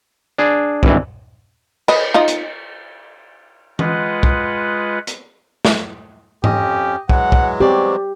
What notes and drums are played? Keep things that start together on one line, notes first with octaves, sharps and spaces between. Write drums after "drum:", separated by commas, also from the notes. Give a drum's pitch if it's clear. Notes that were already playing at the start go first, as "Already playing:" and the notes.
D4 G#4
G#1 G2 E3, drum: kick
B4 D#5, drum: cymbal
D#4 F4 D#5
drum: hi-hat
G#3 F4 B4 D#5 F#5, drum: tom E3
drum: kick
drum: hi-hat
drum: snare
F2 C#4 G4 D#5, drum: tom G#2
E3 F#3 G#3 F#5, drum: kick
drum: kick
C4 G4 D5 C#6